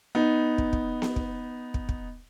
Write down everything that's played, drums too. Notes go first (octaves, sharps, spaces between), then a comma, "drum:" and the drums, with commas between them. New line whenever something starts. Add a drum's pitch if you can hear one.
B3 D#4
drum: kick
drum: kick
drum: snare B3
drum: kick
drum: kick
drum: kick